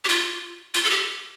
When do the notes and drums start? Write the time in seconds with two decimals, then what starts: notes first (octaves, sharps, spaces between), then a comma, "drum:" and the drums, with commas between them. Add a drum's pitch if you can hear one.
0.04 G4
0.09 F4, drum: tambourine
0.74 F4, drum: tambourine
0.84 A4
0.90 G4